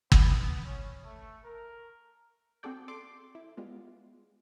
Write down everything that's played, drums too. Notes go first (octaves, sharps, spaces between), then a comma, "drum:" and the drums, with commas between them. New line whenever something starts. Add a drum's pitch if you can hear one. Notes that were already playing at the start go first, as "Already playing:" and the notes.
B3, drum: kick
C#4
A3
A#4
C4 F#4 G#4 A4 D5 G5
A4 D5 C6 D6
E4
G3 G#3 B3 F4